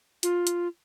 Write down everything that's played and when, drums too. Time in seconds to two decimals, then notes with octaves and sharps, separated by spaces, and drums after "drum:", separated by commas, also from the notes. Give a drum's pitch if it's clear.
0.23 F4, drum: hi-hat
0.47 drum: hi-hat